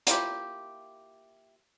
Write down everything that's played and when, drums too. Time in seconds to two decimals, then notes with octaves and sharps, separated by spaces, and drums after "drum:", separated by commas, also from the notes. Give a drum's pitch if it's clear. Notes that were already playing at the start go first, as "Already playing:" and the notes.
0.07 A#3 E4 F4 G4, drum: hi-hat